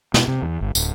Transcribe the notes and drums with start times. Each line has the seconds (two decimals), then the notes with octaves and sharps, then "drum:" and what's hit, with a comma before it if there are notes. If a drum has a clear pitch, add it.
0.14 B2, drum: snare
0.28 C3
0.42 E2
0.61 G1
0.75 D1, drum: tambourine